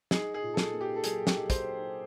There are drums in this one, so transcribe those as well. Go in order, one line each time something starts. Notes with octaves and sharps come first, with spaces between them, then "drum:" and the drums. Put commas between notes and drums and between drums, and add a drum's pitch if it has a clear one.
D#4 G#4, drum: snare
G#4
A#2
A4
G#4, drum: snare
A#3
G4
A4
F#3 G#4, drum: hi-hat
G4, drum: snare
D#4
C5, drum: kick, hi-hat